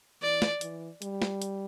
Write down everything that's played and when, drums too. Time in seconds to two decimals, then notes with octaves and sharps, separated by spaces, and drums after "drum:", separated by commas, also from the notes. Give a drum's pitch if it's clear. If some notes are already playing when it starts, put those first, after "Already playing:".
0.22 E3 D5
0.42 drum: snare
0.61 E3, drum: hi-hat
1.02 G3, drum: hi-hat
1.22 drum: snare
1.42 drum: hi-hat